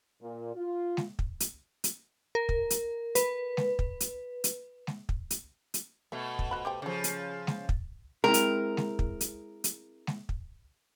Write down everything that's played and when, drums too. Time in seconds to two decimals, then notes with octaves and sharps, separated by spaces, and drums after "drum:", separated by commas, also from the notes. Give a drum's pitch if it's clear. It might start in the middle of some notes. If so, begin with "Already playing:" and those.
0.22 A#2
0.55 F4
0.97 drum: snare G#3
1.19 drum: kick
1.40 drum: hi-hat
1.84 drum: hi-hat
2.35 A#4
2.49 drum: kick
2.70 drum: hi-hat
3.15 B4, drum: hi-hat
3.57 drum: snare G#3
3.79 drum: kick
4.00 drum: hi-hat
4.44 drum: hi-hat
4.87 drum: snare G#3
5.09 drum: kick
5.30 drum: hi-hat
5.74 drum: hi-hat
6.12 B2 A3 E5
6.39 drum: kick
6.51 F3 F#4 B5
6.65 G4 C5 G5
6.82 C#3 F3 G3 A4
7.04 drum: hi-hat
7.47 drum: snare G#3
7.69 drum: kick
8.24 G#3 C4 E4 A#4
8.34 drum: hi-hat
8.77 drum: snare G#3
8.99 drum: kick
9.21 drum: hi-hat
9.64 drum: hi-hat
10.07 drum: snare G#3
10.29 drum: kick